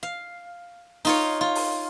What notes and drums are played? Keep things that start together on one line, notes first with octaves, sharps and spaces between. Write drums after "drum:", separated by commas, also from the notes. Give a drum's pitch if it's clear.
F5
D#4 F4 C#5, drum: open hi-hat
F4
drum: open hi-hat